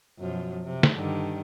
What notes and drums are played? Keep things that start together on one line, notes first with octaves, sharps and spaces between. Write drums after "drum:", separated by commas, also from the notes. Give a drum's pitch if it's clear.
F#2 B2 F3
C3
drum: snare
G2 D3 D#3